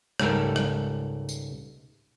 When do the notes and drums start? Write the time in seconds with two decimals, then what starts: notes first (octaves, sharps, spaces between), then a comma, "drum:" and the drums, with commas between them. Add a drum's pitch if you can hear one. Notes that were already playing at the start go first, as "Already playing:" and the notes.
0.20 C#2 G#2 G3 A3 A4 A#4, drum: rim click
0.56 drum: rim click
1.29 drum: tambourine